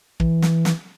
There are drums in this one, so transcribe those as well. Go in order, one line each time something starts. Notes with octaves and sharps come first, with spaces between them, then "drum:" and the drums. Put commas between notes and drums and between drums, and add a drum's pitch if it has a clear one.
E3, drum: kick
drum: snare
drum: snare